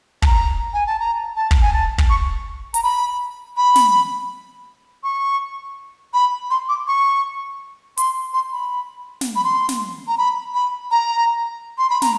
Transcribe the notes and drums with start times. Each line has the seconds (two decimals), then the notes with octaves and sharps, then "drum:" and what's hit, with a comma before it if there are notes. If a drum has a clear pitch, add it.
0.22 A5, drum: kick
0.26 A#5
0.74 G#5
0.87 A5
0.99 A#5
1.36 A5
1.51 drum: kick
1.62 G#5
1.73 A5
1.98 drum: kick
2.10 C#6
2.74 A#5, drum: hi-hat
2.83 B5
3.57 B5
3.75 drum: snare
5.04 C#6
6.14 B5
6.51 C6
6.69 D6
6.88 C#6
7.97 C6, drum: hi-hat
8.34 C6
8.52 B5
9.21 drum: snare
9.36 B5
9.44 C6
9.69 drum: snare
10.08 A#5
10.18 B5
10.54 B5
10.91 A#5
11.78 C6
11.90 B5
12.02 A#5, drum: snare